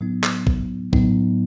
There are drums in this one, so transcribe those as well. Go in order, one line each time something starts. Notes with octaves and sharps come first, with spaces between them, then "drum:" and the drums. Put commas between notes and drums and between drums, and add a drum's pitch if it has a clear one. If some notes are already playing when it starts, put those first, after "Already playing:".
A2 F#3 B3 D#4
drum: clap
drum: kick
A2 F#3 B3 D#4, drum: kick